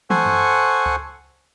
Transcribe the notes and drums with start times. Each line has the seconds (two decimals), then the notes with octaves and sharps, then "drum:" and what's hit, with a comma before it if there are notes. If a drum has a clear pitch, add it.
0.10 A4 C5 F#5 G#5 C#6, drum: tom
0.26 drum: tom F#2
0.86 drum: kick C#2